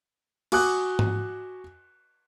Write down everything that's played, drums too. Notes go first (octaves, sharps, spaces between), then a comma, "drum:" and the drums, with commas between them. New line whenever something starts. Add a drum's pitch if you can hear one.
F#4 G#5 D6 D#6 F#6, drum: cymbal
drum: tom